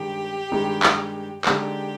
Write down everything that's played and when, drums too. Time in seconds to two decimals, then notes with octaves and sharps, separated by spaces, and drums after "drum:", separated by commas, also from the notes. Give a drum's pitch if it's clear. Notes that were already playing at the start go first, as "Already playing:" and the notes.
Already playing: G2 D#3 G#3 D#4 G4
0.52 G2 D#3 G#3 D#4
0.83 drum: clap
1.45 D3 G#3 D#4 G4, drum: clap